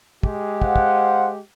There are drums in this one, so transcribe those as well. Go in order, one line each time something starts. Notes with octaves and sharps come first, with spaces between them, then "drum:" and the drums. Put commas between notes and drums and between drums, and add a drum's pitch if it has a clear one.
G#3 G4, drum: kick
C5 F5 F#5, drum: kick
drum: kick